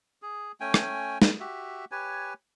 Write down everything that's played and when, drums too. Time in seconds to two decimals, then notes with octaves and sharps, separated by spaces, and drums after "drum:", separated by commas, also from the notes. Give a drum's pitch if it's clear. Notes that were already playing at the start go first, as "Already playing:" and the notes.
0.22 G#4
0.60 A3 C#4 G5 G#5
0.74 drum: rim click
1.22 drum: snare
1.40 F#4 G4 E5
1.91 G4 B4 C#5 G#5